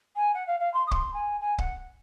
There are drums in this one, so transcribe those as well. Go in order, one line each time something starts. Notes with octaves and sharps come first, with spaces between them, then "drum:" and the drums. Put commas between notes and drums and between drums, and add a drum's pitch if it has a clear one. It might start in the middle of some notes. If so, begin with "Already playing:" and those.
G#5
F#5
F5
F5
C6
D#6
C6, drum: kick C#1
G#5
G#5
F#5, drum: kick C#1